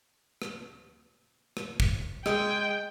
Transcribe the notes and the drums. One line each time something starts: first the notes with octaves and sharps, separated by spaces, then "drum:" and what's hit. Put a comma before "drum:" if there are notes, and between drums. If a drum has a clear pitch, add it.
drum: rim click
drum: rim click
drum: kick
G#3 G5, drum: rim click